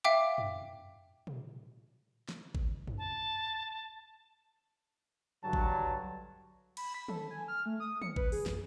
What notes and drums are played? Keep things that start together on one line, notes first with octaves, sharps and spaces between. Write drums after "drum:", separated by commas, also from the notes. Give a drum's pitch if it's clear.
E5 F5 G5 D6
drum: tom
drum: tom
drum: snare
drum: kick A1
drum: tom
A5
G2 D3 F#3 A5
drum: kick A1
B5, drum: cymbal
B6
A4, drum: tom
G#5
F6
A3
D#6
C#7, drum: tom
B4, drum: kick A1
G#4, drum: open hi-hat
F#2, drum: snare